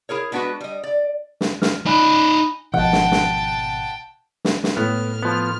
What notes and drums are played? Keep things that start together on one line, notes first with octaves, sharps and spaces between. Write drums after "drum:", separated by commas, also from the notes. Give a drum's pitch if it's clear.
E4 G#4 A#4 C#5
G#3 B3 D4 F4 F#4 B4
G3 D#5
D5
drum: snare
F6, drum: snare
D#4 D5 G#5 B5 F#6
G#1 B2 F3 F#5 G5 A5
drum: snare
drum: snare
drum: snare
drum: snare
A2 B3 F6
F3 B3